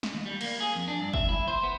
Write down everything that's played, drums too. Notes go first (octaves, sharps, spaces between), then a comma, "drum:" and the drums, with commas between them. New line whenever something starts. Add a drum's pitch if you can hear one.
drum: snare
D#2
G3
A#3, drum: cymbal
G#4
F2
D4
G2
E5, drum: kick
E4, drum: tom
C5
B3